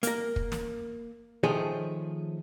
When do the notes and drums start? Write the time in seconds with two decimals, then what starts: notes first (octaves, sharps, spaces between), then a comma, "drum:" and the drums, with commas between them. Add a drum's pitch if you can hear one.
0.03 A#3 A#4, drum: hi-hat
0.36 drum: kick
0.52 drum: snare
1.43 D#3 F3 A3 G#4 C5 C#5